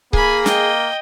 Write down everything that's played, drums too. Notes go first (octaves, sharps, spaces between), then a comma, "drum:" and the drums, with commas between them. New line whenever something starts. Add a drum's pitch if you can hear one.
A#3 G#4 G#5 B5, drum: kick C#1
D#5 G5, drum: snare